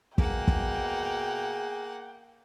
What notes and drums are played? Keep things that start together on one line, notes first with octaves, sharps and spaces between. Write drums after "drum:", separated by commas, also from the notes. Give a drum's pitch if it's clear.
B2 A#3 G#4 F#5 G5, drum: kick
drum: kick